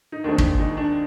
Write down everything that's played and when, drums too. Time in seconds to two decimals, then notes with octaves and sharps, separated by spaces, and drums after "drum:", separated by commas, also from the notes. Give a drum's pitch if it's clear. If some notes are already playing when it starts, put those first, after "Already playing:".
0.12 D#4
0.24 D#2 D#3 G#3 C4 D4
0.38 drum: kick
0.59 D#4
0.77 D4